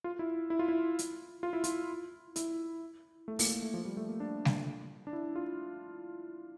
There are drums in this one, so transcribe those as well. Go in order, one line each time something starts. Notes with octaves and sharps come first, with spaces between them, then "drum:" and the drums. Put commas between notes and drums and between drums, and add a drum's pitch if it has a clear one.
F4
E4
E4
F4
E4
drum: hi-hat
F4
E4
F4, drum: hi-hat
E4, drum: hi-hat
A3
A#3, drum: open hi-hat
A3
F3
G3
A3
A#3
D4
drum: snare G3
D4
E4
F4